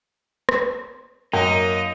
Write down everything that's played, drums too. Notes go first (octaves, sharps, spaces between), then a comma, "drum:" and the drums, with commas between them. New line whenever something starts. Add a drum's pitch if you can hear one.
drum: rim click
F#2 A#3 D#4 D#5